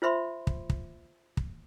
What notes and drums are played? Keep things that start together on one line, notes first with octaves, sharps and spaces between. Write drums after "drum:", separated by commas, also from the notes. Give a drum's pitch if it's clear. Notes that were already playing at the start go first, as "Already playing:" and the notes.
F4 C5 E5 B5 C6
drum: kick
drum: kick
drum: kick